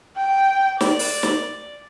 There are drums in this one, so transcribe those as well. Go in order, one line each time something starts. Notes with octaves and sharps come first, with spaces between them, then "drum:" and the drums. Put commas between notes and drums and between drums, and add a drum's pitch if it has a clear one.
G5
D5, drum: snare
drum: open hi-hat
drum: snare